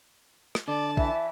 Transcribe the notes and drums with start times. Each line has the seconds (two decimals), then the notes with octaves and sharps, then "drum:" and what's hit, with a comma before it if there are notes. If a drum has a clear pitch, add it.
0.55 drum: rim click
0.68 D3 D5 A5
0.97 E3 E5, drum: kick A#1